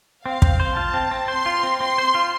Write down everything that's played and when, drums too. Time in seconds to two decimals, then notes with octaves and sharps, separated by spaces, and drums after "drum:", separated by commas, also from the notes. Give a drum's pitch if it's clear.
0.25 C4 F5
0.42 C4, drum: kick
0.60 C5
0.77 F4 A5
0.94 C4
1.11 C4
1.28 C5 C6
1.46 F4
1.63 C4
1.81 C4 C6
1.98 C5
2.15 F4